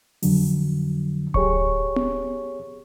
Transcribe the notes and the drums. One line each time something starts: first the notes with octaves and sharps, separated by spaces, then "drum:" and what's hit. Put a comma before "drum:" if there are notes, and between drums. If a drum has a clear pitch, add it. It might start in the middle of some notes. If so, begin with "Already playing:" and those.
F2 D3 F#3, drum: open hi-hat
G4 G#4 C#5 C#6, drum: kick D1
drum: tom B3